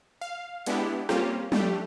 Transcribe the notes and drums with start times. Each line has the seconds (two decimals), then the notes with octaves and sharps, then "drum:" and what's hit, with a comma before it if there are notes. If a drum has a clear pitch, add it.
0.21 F5
0.66 G#3 B3 D4 E4 G4, drum: hi-hat
1.09 G3 A#3 C4 C#4 F4 G4, drum: rim click
1.52 G3 A3 D4 G4, drum: tom